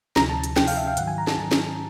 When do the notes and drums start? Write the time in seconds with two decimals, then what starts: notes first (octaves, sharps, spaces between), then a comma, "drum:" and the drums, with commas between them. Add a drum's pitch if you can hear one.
0.16 D2 C3 F3 A#5, drum: snare
0.29 A5
0.44 drum: hi-hat
0.56 D2 C3 F3 G5, drum: snare
0.68 F5, drum: open hi-hat
0.77 E5
0.87 F5
0.97 G#2 D#3 F#3 F#5, drum: hi-hat
1.07 G#5
1.18 A#5
1.27 A5, drum: snare
1.38 G#2 D#3 F#3
1.51 drum: snare